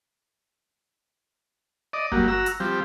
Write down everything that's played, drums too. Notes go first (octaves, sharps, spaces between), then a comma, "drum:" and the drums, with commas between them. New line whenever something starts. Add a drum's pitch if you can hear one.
D5 D#5
F#3 G3 A#3, drum: kick G1
F#4 A#5 E6
drum: hi-hat
F3 G3 C4 G4